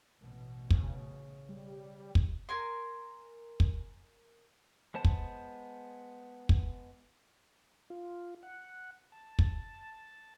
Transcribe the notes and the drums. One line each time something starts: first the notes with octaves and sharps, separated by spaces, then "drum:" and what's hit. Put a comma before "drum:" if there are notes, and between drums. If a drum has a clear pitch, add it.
A1 B2
C#3, drum: kick
G3
drum: kick
A#4 G#5 C6
drum: kick
G#3 B3 C5 A5
drum: kick
drum: kick
F4
F#5
A5
drum: kick